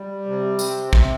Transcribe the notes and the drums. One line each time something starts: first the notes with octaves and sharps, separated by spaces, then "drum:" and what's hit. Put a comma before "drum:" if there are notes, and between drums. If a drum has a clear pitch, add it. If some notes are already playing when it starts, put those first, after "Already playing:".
Already playing: G3
C3
C4, drum: tambourine
C3, drum: kick